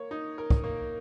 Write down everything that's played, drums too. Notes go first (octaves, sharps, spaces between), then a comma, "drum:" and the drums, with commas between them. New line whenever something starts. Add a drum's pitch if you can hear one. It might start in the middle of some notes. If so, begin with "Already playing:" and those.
Already playing: A#3 C#5
D#4
A#4
drum: kick
A#3